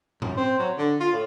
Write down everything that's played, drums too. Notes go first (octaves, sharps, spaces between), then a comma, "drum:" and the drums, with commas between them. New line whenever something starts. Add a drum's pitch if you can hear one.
F#2, drum: tom G#2
C4
F#3
D3
F4
A2